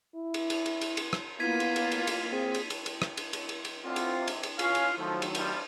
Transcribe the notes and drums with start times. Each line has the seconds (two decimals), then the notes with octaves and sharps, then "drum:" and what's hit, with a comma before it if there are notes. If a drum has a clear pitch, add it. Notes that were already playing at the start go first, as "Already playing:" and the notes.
0.15 E4
0.34 drum: cymbal
0.50 drum: cymbal
0.66 drum: cymbal
0.81 drum: cymbal
0.97 drum: cymbal
1.13 drum: rim click
1.40 A#3 B3 E4 F4 G#6 B6 D#7
1.60 drum: cymbal
1.76 drum: cymbal
1.92 drum: cymbal
2.07 drum: cymbal
2.32 C4 G#4
2.54 drum: cymbal
2.70 drum: cymbal
2.86 drum: cymbal
3.02 drum: rim click
3.17 drum: cymbal
3.33 drum: cymbal
3.49 drum: cymbal
3.65 drum: cymbal
3.85 A2 D3 C4 F4
3.96 drum: cymbal
4.16 G#2 C3
4.28 drum: cymbal
4.43 drum: cymbal
4.59 C#4 F4 F5, drum: cymbal
4.75 drum: cymbal
4.98 D#3 F3 F#3 A3
5.22 drum: cymbal
5.35 C3 F3 G3, drum: cymbal